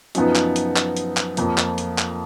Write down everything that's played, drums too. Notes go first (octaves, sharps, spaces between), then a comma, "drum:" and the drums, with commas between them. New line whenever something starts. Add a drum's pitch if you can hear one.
F#2 F3 B3 D#4, drum: hi-hat
drum: clap
drum: hi-hat
drum: clap
drum: hi-hat
drum: clap
F2 F3 A#3, drum: hi-hat
drum: clap
drum: hi-hat
drum: clap